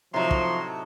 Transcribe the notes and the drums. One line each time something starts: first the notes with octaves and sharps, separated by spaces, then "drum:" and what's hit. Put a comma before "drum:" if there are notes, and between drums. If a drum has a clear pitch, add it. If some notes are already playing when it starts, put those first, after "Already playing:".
A2 C3 F3 F#3 D#4 C6
drum: kick